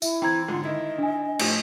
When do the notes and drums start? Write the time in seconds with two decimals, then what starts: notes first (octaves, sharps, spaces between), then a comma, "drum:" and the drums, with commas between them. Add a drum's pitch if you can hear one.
0.02 E4 E5, drum: tambourine
0.22 E3 C4 G5 A#5 G#6
0.48 G#2 D3 F4
0.65 D#3 E4 D#5
0.98 D4 G#5
1.39 A2 F3 G4, drum: cymbal